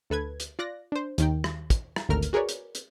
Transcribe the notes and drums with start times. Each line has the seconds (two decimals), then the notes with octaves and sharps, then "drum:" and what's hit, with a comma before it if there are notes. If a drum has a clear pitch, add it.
0.10 D2 A4 B4 G#6
0.40 drum: hi-hat
0.59 F4 D5 F#6 A#6
0.92 D4 C5
1.18 D#2 D#3 G5, drum: hi-hat
1.44 drum: rim click
1.70 drum: kick, hi-hat
1.96 drum: rim click
2.09 G#1 D2 A3 A#4 F6
2.23 drum: hi-hat
2.33 F#4 G#4 A#4 B4 C#5 D5
2.49 drum: hi-hat
2.75 drum: hi-hat